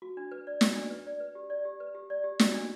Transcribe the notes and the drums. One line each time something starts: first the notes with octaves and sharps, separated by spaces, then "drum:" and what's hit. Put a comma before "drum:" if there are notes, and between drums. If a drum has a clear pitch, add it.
F#4
D4
B4
D5
F#4, drum: snare
D4
B4
D5
B4
G4
D5
G4
B4
G4
D5
G4
F#4, drum: snare
D4